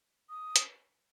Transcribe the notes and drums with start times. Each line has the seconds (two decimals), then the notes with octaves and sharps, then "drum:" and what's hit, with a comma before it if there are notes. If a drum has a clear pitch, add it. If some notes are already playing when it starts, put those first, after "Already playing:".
0.30 D#6
0.56 drum: hi-hat